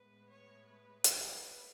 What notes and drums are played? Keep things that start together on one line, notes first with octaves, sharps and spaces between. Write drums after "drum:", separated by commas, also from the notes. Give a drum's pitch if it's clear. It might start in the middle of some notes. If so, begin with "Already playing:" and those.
Already playing: A2 G#3 B3 B4
C#5
B4
drum: hi-hat